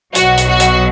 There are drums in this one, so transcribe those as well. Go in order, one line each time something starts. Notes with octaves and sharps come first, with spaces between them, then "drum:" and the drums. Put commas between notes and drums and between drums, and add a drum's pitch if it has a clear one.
B1 B2 F#3 F#4, drum: hi-hat
drum: hi-hat
F#4
drum: hi-hat